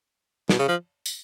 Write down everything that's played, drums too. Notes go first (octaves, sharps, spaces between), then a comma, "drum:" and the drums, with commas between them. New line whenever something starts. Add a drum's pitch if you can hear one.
B2, drum: snare
C#3
F3
drum: tambourine